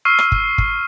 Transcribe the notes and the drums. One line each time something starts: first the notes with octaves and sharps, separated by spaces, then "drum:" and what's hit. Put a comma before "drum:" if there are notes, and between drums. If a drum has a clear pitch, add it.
C#6 E6 F6 C7 D#7
drum: rim click
drum: kick
drum: kick